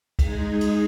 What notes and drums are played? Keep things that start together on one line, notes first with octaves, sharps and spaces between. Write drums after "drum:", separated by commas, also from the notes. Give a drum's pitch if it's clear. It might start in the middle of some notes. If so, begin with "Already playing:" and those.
G#3 D#4 G#4, drum: kick, cymbal
drum: cymbal